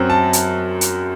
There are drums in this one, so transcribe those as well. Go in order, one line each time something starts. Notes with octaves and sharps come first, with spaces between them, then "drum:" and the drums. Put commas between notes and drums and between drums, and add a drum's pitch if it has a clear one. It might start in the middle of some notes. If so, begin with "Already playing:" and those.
Already playing: F#2 F#3 C4
A5
drum: hi-hat
drum: hi-hat